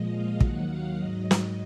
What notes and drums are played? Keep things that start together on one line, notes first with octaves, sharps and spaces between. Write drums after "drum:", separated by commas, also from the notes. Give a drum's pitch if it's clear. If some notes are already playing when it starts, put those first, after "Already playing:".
Already playing: A#2 F3 G#3 D#5
F5
D#2 D#3 F#3 F#5, drum: kick
F5
G#2 F#3 D#5
drum: snare